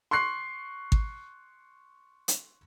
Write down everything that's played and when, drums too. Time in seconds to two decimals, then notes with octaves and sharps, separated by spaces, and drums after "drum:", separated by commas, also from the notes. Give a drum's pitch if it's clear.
0.11 C6 C#6 F#6 C7
0.92 drum: kick G#1
2.28 drum: hi-hat